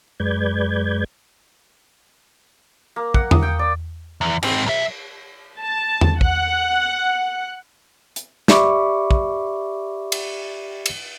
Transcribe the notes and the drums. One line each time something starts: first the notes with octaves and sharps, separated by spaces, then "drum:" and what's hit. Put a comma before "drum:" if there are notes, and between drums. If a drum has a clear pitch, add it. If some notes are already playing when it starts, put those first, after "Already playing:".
F#2 G#3 B4 D5 G6 G#6
A#3
F#5, drum: kick
D#6, drum: tom E2
G5
D5
E2
G#2 C4, drum: cymbal
B1 E5
A5
drum: tom E2
F#5, drum: kick
drum: hi-hat
G4 D5 E5 B5 C#6 D6, drum: snare
drum: kick
drum: cymbal
drum: cymbal